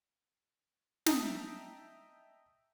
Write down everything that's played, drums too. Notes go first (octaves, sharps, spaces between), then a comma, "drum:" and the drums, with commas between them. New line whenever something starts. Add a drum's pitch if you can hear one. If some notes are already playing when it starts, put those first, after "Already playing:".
D#5 E5 G5 A5 A#5 D#6, drum: snare